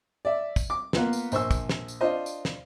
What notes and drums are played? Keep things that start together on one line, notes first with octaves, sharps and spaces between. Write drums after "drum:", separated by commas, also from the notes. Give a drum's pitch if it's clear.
D5 E5
drum: kick, tambourine
D6
A#3 B3 F4 B4, drum: snare
drum: tambourine
A#1 C5 C#6 E6, drum: tambourine
drum: kick, tambourine
drum: snare
drum: tambourine
D4 F4 C5 D#5
drum: tambourine
drum: snare